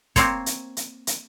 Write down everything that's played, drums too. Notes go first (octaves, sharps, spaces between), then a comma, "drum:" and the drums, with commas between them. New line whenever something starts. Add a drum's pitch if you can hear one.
A#3 C4 C5 C#5, drum: kick, hi-hat
drum: hi-hat
drum: hi-hat
drum: hi-hat